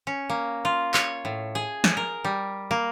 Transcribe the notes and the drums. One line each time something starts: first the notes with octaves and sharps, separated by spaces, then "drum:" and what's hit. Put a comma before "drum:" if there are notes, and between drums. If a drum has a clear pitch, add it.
C#4
A#3
F4
C#5, drum: clap
A2
G#4
drum: snare
A#4
G3
A#3